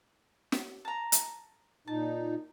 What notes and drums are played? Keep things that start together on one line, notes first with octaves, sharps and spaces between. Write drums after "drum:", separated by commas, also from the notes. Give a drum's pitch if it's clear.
drum: snare
A5 A#5
drum: hi-hat
A#2 D#4 A5